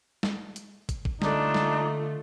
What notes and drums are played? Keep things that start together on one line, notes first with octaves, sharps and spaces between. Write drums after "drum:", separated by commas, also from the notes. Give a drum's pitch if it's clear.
drum: snare
drum: hi-hat
drum: kick, hi-hat
drum: kick
D3 A3 D4 D#4 F4, drum: snare
drum: snare